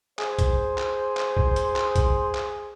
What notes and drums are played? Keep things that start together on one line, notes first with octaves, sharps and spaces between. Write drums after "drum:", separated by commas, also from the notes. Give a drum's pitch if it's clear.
G#4 C5, drum: clap
drum: kick, hi-hat
drum: clap
drum: clap
drum: kick
drum: hi-hat
drum: clap
drum: kick, hi-hat
drum: clap